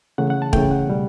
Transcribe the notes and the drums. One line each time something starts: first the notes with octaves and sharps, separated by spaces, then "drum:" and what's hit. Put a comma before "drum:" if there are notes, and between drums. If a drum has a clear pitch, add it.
C#3 E3 A3 F#5
F#5
A5
C#3 E3 A3 G5, drum: kick
F#5
B2 G3